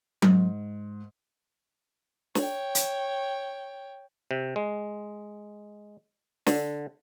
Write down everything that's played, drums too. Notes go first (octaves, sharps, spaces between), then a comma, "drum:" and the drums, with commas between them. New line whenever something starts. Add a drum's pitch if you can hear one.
G#2, drum: tom F#3
C#5 G5, drum: snare
drum: hi-hat
C3
G#3
D3, drum: snare